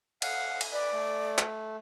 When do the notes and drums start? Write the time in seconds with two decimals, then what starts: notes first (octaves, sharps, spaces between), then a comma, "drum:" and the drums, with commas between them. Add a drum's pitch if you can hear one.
0.22 F5 F#5, drum: cymbal
0.61 drum: cymbal
0.72 B4 D5
0.93 A3
1.38 drum: clap